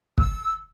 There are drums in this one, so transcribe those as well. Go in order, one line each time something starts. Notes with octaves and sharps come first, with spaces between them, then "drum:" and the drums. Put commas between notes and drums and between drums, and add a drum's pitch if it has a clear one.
E6, drum: kick